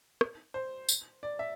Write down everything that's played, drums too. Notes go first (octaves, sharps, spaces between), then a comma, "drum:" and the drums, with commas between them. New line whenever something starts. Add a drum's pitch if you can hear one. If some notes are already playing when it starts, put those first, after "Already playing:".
drum: rim click
C5
drum: tambourine
D5
E5